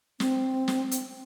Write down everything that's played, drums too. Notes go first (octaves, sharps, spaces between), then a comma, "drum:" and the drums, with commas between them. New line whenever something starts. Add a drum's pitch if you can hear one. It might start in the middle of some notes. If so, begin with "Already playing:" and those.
C4, drum: snare
drum: snare
drum: hi-hat